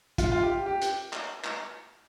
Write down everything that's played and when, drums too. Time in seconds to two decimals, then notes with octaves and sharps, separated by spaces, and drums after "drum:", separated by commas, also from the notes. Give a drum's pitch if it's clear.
0.18 F4, drum: kick, hi-hat
0.32 F4
0.43 G4
0.66 G4
0.82 drum: hi-hat
1.13 drum: clap
1.45 drum: clap